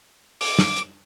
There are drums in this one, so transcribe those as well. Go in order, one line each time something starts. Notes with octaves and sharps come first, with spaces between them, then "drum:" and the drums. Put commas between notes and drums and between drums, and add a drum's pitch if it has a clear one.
D6, drum: open hi-hat
drum: snare
drum: hi-hat